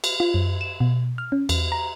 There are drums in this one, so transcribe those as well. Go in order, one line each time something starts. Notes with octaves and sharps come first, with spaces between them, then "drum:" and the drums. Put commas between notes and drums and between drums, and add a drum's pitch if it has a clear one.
drum: cymbal
F4
F#2
E7
B2
F6
C#4
E2, drum: cymbal
A#5